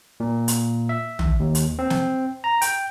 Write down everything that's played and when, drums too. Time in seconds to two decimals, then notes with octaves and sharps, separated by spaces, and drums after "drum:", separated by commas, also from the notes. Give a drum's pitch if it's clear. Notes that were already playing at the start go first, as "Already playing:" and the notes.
0.20 A#2
0.48 drum: hi-hat
0.89 E5
1.19 drum: tom
1.40 D#2
1.55 drum: hi-hat
1.79 C4
1.90 drum: snare
2.44 A#5
2.62 G5, drum: hi-hat